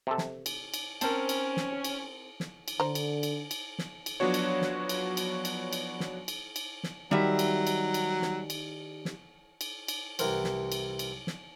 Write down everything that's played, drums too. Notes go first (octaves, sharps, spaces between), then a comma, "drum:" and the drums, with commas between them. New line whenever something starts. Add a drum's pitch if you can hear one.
C3 A4
drum: snare
drum: cymbal
drum: cymbal
C4 C#4 A#4 A5, drum: cymbal
drum: cymbal
drum: snare
drum: cymbal
drum: snare
drum: cymbal
D3 C5 A#5
drum: cymbal
drum: cymbal
drum: cymbal
drum: snare
drum: cymbal
F3 F#3 B3 D4 F#4 C#5
drum: cymbal
drum: snare
drum: cymbal
drum: cymbal
drum: cymbal
drum: cymbal
drum: snare
drum: cymbal
drum: cymbal
drum: snare
D#3 F#3 G3 G4 D5 E5
drum: cymbal
drum: cymbal
drum: cymbal
drum: snare
drum: cymbal
drum: snare
drum: cymbal
drum: cymbal
C2 E3 G4 A#4 C5 F#5, drum: cymbal
drum: snare
drum: cymbal
drum: cymbal
drum: snare